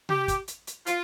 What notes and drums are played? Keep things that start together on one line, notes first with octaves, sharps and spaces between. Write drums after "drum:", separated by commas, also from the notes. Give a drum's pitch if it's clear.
G4, drum: tom C3
drum: kick, hi-hat
drum: hi-hat
drum: hi-hat
F4, drum: hi-hat